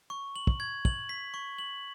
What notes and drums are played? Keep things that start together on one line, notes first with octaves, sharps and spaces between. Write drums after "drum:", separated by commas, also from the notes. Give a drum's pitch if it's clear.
C#6
F#7
drum: kick
G#6
F#7, drum: kick
B6
C#6
F#7